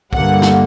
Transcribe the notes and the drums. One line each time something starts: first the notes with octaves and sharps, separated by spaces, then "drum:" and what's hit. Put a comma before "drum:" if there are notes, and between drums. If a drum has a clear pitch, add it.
G2 D3 G3 A#3 F#5, drum: kick
drum: snare